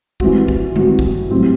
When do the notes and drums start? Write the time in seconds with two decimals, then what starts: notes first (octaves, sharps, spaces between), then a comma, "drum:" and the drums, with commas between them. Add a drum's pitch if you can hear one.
0.20 E3 G3 C4 F#4, drum: kick
0.48 drum: kick
0.76 E3 G3 C4 F#4, drum: tom D3
0.99 drum: kick
1.30 A2 F#3 C4 G4